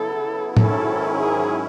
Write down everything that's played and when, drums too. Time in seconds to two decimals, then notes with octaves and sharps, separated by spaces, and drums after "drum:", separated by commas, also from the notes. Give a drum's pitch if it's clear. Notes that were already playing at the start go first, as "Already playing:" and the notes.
Already playing: C#3 F#3 B3 E4 A4
0.57 G#2 D#3 F#3 C#4 E4 A4, drum: tom
1.18 G#4